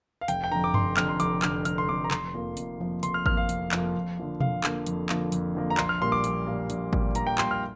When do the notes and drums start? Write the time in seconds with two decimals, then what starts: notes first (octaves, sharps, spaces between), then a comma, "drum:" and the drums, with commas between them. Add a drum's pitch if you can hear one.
0.21 F5
0.28 F1 G5, drum: hi-hat
0.44 G5
0.51 F2 D3 A#5
0.64 D6
0.74 F1 C6, drum: tom F#2
0.97 F2 D3 F6, drum: clap
1.09 C6
1.20 F1 D6, drum: hi-hat
1.42 F2 D3 F6, drum: clap
1.65 F1 F6, drum: hi-hat
1.78 C6
1.89 F2 D3 D6
2.04 A#5
2.11 F1 C6, drum: clap
2.34 F2 F3 A#3
2.57 F1, drum: hi-hat
2.80 F2 F3 A#3
3.03 F1 C6, drum: hi-hat
3.14 F6
3.26 F2 F3 A#3 F6, drum: kick G#1
3.37 F5
3.49 F1, drum: hi-hat
3.72 F2 F3 A#3, drum: clap
3.95 F2
4.17 D3 F3 A#3
4.40 F2 F5, drum: tom B2
4.64 D3 F3 A#3, drum: clap
4.86 F2, drum: hi-hat
5.09 D3 F3 A#3, drum: clap
5.32 F2, drum: hi-hat
5.55 D3 F3 A#3
5.70 A#5
5.77 A#1 C6, drum: clap
5.89 F6
6.01 A#2 G3 A#3 C6
6.12 D6
6.24 A#1, drum: hi-hat
6.47 A#2 G3 A#3
6.70 A#1, drum: hi-hat
6.93 A#2 G3 A#3, drum: kick G#1
7.15 A#1 A#5, drum: hi-hat
7.27 G5
7.38 A#2 G3 A#3 C6, drum: clap
7.51 F6